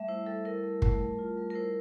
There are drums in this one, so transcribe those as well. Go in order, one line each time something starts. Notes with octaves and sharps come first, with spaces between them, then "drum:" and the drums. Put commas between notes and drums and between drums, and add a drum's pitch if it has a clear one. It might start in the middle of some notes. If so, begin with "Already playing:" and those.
Already playing: G3 A3 E5
E4 C5
G3 A4
E4 A#4
A3
A3, drum: kick
G3
F4
G3
A#4
E4 C5